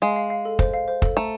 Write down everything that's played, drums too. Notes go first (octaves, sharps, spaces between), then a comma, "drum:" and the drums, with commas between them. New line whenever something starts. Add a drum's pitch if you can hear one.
G#3 F5
F5
F5
A4
C5, drum: kick
F5
C5
A4, drum: kick
A3 A#5